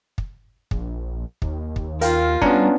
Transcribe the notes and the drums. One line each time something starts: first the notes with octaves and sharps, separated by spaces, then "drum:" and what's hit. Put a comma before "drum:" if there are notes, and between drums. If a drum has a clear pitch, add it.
drum: kick
A#1, drum: kick
D#2, drum: kick
drum: kick
F4 A#4 F5 G5, drum: hi-hat
G3 B3 C#4 D4 A#5, drum: kick